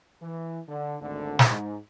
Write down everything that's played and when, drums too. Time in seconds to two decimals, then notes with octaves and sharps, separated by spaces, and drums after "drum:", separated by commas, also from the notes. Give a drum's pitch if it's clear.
0.22 E3
0.67 D3
1.00 G#1 D2 D3
1.39 drum: snare
1.49 G#2